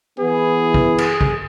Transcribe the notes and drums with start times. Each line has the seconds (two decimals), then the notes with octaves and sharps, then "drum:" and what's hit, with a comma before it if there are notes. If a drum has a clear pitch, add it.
0.19 E3 B3 G#4
0.74 drum: kick
0.98 drum: cymbal
1.21 drum: kick